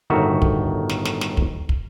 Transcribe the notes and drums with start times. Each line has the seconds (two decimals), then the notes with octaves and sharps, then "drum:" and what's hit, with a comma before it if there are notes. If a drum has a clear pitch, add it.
0.10 G1 A2 D#3 F#4 E5 F#5
0.42 drum: kick
0.89 drum: snare
1.05 drum: snare
1.21 drum: snare
1.37 drum: kick
1.69 drum: kick